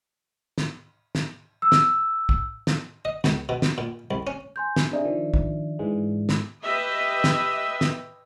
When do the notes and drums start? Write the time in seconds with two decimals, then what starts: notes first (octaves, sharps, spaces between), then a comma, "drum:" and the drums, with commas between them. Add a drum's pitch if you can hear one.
0.58 drum: snare
1.15 drum: snare
1.62 E6
1.72 drum: snare
2.29 drum: kick
2.67 drum: snare
3.05 D#5
3.24 C#2, drum: snare
3.49 B2
3.62 drum: snare
3.78 A#2
4.11 C2
4.27 C#4
4.56 G#5 C6 G6
4.76 drum: snare
4.91 C3 D4 D#4 G#4 D5 E5
5.05 D#3 F3
5.34 drum: kick
5.79 G#2 E3 G#3
6.29 drum: snare
6.64 G4 B4 D#5 E5
7.24 drum: snare
7.81 drum: snare